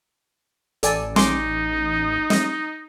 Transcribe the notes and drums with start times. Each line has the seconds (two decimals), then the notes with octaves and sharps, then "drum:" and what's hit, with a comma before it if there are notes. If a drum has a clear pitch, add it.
0.83 A1 A4 D5 G#5, drum: hi-hat
1.16 D#4 G#5 C6 D6, drum: snare
2.30 D#5, drum: snare